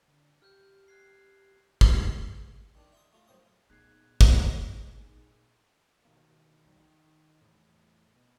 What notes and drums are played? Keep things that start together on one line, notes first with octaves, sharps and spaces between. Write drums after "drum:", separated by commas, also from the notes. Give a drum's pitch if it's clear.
D3
G4 F6 G6
F#6 G#6 C7
drum: kick
D#3 D4
E5 C6 D#6
A3 F4
F#2 A2 C5 D#6
A#2 B3 D#4 G#4 F#6 G#6 C7
drum: kick
B2 D#3 A#3
B1 F2 D#3 G3
D#3
E2 A2
B2